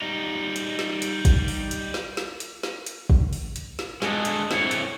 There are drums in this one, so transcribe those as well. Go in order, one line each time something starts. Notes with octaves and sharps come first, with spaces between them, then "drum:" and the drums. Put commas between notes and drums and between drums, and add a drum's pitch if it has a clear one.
G3 D#4
drum: hi-hat
drum: snare
drum: hi-hat
drum: kick, hi-hat
drum: open hi-hat
drum: hi-hat
drum: snare
drum: snare
drum: hi-hat
drum: snare
drum: hi-hat
drum: kick
drum: open hi-hat
drum: hi-hat
drum: snare
G#3 D4 A4 D#5, drum: snare
drum: hi-hat
C4 E4 C#5, drum: snare
drum: hi-hat